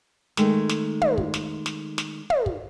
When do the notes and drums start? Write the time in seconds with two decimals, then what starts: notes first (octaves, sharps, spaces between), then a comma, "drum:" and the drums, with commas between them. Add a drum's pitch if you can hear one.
0.37 D#3 G#3 A3, drum: snare
0.69 drum: snare
1.02 drum: tom
1.18 drum: kick
1.34 drum: snare
1.66 drum: snare
1.98 drum: snare
2.30 drum: tom
2.46 drum: kick